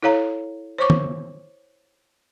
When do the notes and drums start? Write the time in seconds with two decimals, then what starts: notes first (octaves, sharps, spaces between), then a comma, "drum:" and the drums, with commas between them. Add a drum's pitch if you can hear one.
0.03 E4 A4 C#5 F5 A#5
0.78 C5 C#5 C#6 D6
0.90 drum: tom